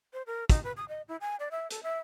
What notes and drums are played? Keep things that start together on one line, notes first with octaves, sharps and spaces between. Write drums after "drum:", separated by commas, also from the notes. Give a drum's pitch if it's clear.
C5
A#4
D#4, drum: kick, hi-hat
B4
D#6
D#5
E4
G#5
D5
E5
A4, drum: hi-hat
E5